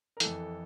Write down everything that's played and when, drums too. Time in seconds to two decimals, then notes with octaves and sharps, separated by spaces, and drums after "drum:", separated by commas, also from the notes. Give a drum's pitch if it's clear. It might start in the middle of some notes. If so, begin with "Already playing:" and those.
0.17 A#4
0.20 F2 E3 A4, drum: hi-hat